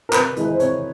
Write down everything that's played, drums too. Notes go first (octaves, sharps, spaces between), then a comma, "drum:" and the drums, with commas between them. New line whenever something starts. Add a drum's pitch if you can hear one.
A#4
C3 B4, drum: clap
E3 G#3 B4, drum: hi-hat
C5
C3 C#5, drum: hi-hat